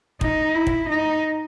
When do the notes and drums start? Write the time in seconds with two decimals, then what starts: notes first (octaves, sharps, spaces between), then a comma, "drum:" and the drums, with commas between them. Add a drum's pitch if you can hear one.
0.21 D#4, drum: kick
0.55 E4
0.67 drum: kick
0.89 D#4